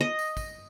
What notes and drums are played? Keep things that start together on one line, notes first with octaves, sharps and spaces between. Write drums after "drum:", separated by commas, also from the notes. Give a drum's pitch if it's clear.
D#5
drum: tambourine
drum: kick, tambourine